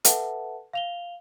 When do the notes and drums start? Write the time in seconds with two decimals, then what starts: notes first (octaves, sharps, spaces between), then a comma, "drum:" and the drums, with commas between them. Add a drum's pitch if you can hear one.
0.05 A4 B4 E5 F#5 A5, drum: hi-hat
0.73 F5 F7 G7